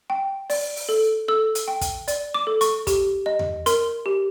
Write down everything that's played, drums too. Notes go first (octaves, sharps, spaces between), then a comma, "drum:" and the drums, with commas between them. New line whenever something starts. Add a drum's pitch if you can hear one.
G5
D5, drum: open hi-hat
drum: open hi-hat
A4
A4 E6
drum: hi-hat
G5
drum: kick, hi-hat
D5, drum: hi-hat
D6
A4
C#6, drum: hi-hat
G4, drum: kick, hi-hat
D#5
drum: tom E2
A#4 C6, drum: hi-hat
G4